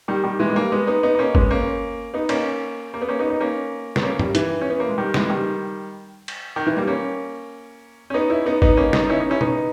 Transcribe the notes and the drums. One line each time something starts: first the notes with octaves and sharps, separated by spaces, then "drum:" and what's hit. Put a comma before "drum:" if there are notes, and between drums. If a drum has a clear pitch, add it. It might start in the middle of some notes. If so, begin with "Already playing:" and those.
D#3 G3
D#3 G3
E3 G#3
G#3
G3 A#3
G#3 B3
B3 D#4
B3 D#4
D#4
A#3 C#4
G#3 B3, drum: kick G1
A#3 C#4
B3 D#4
A#3 C#4, drum: cymbal
A#3
B3
A#3 C#4
B3 D#4
B3 D#4
A#3 C#4
B3, drum: snare
A#3 C#4
G3 A#3, drum: tom
E3, drum: hi-hat
C#4
B3
A#3
G#3
D#3 G3
E3 G#3, drum: snare
D#3 G3
drum: cymbal
D#3
E3
G3 A#3
A#3 C#4
C#4
B3 D#4
C#4 E4
B3 D#4
B3 D#4, drum: kick G1
A#3 C#4
B3 D#4, drum: snare
C#4 E4
B3 D#4
C#4 E4
B3 D#4, drum: tom